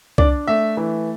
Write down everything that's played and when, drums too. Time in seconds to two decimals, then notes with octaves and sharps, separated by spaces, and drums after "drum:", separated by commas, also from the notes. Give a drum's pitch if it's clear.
0.18 D4 D5, drum: kick C2
0.47 A3 E5
0.77 E3